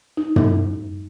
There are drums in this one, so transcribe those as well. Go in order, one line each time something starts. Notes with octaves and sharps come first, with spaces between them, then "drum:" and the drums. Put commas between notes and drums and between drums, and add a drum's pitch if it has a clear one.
D#4
drum: tom